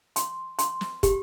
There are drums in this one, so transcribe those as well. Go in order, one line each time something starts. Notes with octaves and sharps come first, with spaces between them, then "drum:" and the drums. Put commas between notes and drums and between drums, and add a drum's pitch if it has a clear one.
C6, drum: hi-hat
C6, drum: hi-hat
drum: snare
G4, drum: kick, hi-hat